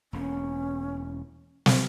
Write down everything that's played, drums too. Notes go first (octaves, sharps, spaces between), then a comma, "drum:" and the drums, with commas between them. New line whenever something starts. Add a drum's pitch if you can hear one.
E1 E2 A#3 C#4
drum: snare